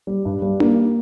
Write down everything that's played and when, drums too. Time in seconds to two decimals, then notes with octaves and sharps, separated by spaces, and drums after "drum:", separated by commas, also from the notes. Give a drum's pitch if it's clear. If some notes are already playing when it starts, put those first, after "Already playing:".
0.07 G3
0.25 G2
0.42 G3
0.60 A#3, drum: tom D4